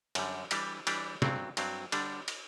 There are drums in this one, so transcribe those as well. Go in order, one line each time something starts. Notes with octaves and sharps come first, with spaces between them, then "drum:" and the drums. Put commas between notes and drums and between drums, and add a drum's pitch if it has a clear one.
F#2 D3 G3, drum: cymbal
E3 G3 D4 G4, drum: cymbal
E3 G3 D4 G4, drum: cymbal
G2 F#3 C4, drum: snare
G2 F#3 C4, drum: cymbal
D3 G3 D4, drum: cymbal
drum: cymbal